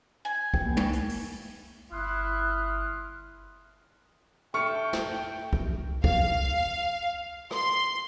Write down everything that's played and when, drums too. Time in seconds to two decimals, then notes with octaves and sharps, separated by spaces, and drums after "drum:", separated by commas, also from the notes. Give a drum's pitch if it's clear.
0.25 G#5
0.54 G5, drum: kick
0.65 A#3
0.77 A6, drum: tom
0.93 drum: hi-hat
1.09 drum: open hi-hat
1.92 G1 E4 C6 D#6 F6 F#6
4.54 A3 G5 C#6 F6 C#7
4.93 drum: snare
5.53 drum: kick
6.04 F5, drum: kick
7.51 C6, drum: rim click